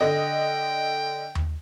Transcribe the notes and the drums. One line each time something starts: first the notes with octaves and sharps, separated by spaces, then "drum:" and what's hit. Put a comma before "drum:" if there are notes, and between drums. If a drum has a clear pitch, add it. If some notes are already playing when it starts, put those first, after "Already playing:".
D3 D#5 G5
drum: tom D#2